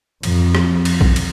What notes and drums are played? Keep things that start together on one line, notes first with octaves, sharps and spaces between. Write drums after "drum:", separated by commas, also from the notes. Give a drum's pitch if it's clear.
F2, drum: cymbal
drum: rim click
drum: cymbal
drum: kick A#1
drum: cymbal